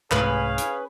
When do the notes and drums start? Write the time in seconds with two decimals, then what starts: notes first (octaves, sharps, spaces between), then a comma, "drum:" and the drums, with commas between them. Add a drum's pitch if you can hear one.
0.11 C2 G#2 A3 C#4 G#4 B4 F5, drum: clap
0.58 drum: hi-hat